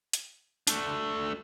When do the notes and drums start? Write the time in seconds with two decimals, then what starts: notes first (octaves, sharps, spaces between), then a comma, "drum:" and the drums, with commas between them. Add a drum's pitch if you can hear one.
0.13 drum: hi-hat
0.67 A3 D4, drum: hi-hat